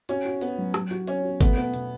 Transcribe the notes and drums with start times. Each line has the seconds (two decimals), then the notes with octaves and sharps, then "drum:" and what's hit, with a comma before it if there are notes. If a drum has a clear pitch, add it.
0.09 C#4 F#4, drum: hi-hat
0.25 F#4
0.41 B3 F#4, drum: hi-hat
0.58 F#3
0.74 F#3, drum: rim click
0.91 F#4
1.08 C#4 C#5, drum: hi-hat
1.24 F#4
1.41 A3 B3, drum: kick G#1, hi-hat
1.57 B2 B3
1.74 B2, drum: hi-hat